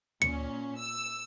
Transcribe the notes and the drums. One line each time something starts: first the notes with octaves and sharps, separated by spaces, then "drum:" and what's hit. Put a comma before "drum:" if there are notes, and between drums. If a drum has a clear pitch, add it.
A#2 C#4 C#7, drum: tom D2
E6